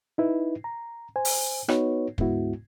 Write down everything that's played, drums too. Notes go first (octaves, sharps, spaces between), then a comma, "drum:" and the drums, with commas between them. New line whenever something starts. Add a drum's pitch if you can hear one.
D#4 E4 B4
A#5
C5 G#5
drum: open hi-hat
B3 D#4 F#4 B4 C#5, drum: rim click
D2 G#2 G#3 B3 E4 F#4, drum: kick